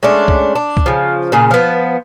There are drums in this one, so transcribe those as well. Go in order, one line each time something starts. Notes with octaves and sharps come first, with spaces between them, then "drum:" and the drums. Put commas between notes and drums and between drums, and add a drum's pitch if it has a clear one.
G#3 A3 C#4 D4
drum: kick C2
D4
drum: kick C2
C#3 F3
A#2 C#3 G#4
F3 B3